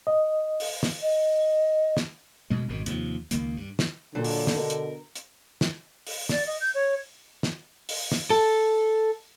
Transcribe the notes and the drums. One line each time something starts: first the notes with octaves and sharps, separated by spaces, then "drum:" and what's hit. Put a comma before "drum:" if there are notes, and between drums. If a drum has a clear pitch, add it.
D#5
drum: open hi-hat
drum: snare
D#5
drum: snare
D2 B2 G#3
G#1 F#2 B2 D#3
D#2 C3 E3 F3, drum: hi-hat
C#2 D#3 A#3, drum: hi-hat
G2
drum: snare
A#2 D3 F#3 D4
drum: open hi-hat
drum: snare
B2 A#4
drum: hi-hat
drum: hi-hat
drum: snare
drum: open hi-hat
D5, drum: snare
D#5
G6
C#5
drum: snare
drum: open hi-hat
drum: snare
A4